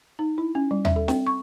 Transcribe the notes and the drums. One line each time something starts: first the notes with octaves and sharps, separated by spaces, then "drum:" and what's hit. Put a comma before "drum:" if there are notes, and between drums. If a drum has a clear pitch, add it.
D#4
E4
C#4
G3
E5, drum: tom D#2
A4
C4, drum: snare
C#6